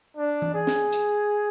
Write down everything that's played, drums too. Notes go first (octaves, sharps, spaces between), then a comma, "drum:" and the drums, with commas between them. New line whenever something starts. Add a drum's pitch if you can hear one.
D4
drum: tom E3
G#4
drum: snare
drum: hi-hat